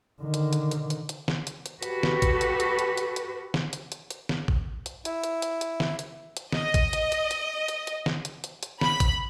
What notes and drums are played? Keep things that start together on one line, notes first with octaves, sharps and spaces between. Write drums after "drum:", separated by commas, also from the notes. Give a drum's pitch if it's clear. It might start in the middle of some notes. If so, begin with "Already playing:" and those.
D3 D#3
drum: hi-hat
drum: hi-hat
drum: hi-hat
drum: hi-hat
drum: hi-hat
drum: snare
drum: hi-hat
drum: hi-hat
F#4 G4 A4 B4, drum: hi-hat
drum: snare
drum: kick, hi-hat
drum: hi-hat
drum: hi-hat
drum: hi-hat
drum: hi-hat
drum: hi-hat
drum: snare
drum: hi-hat
drum: hi-hat
drum: hi-hat
drum: snare
drum: kick
drum: hi-hat
E4, drum: hi-hat
drum: hi-hat
drum: hi-hat
drum: hi-hat
drum: snare
drum: hi-hat
drum: hi-hat
D#5, drum: snare
drum: kick, hi-hat
drum: hi-hat
drum: hi-hat
drum: hi-hat
drum: hi-hat
drum: hi-hat
drum: snare
drum: hi-hat
drum: hi-hat
drum: hi-hat
B5, drum: snare
drum: kick, hi-hat